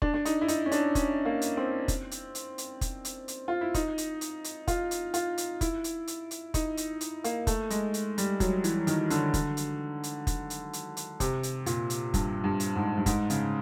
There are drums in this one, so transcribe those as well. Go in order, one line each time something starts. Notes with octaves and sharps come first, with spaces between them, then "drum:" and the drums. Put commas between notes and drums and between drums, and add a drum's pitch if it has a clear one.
D4, drum: kick F1
D4
D#4, drum: hi-hat
E4
D#4, drum: hi-hat
C#4
D4, drum: hi-hat
C#4, drum: kick F1, hi-hat
A#3
drum: hi-hat
C4
drum: kick F1, hi-hat
drum: hi-hat
drum: hi-hat
drum: hi-hat
drum: kick F1, hi-hat
drum: hi-hat
drum: hi-hat
F4
E4
D#4, drum: kick F1, hi-hat
drum: hi-hat
drum: hi-hat
drum: hi-hat
F4, drum: kick F1, hi-hat
drum: hi-hat
F4, drum: hi-hat
drum: hi-hat
E4, drum: kick F1, hi-hat
drum: hi-hat
drum: hi-hat
drum: hi-hat
D#4, drum: kick F1, hi-hat
drum: hi-hat
drum: hi-hat
A#3, drum: hi-hat
A3, drum: kick F1, hi-hat
G#3, drum: hi-hat
drum: hi-hat
G3, drum: hi-hat
F#3, drum: kick F1, hi-hat
E3, drum: hi-hat
D#3, drum: hi-hat
D3, drum: hi-hat
drum: kick F1, hi-hat
drum: hi-hat
drum: hi-hat
drum: kick F1, hi-hat
drum: hi-hat
drum: hi-hat
drum: hi-hat
C3, drum: kick F1, hi-hat
drum: hi-hat
A#2, drum: hi-hat
drum: hi-hat
G2, drum: kick F1, hi-hat
G2
drum: hi-hat
G#2
G2
G#2, drum: kick F1, hi-hat
C#3, drum: hi-hat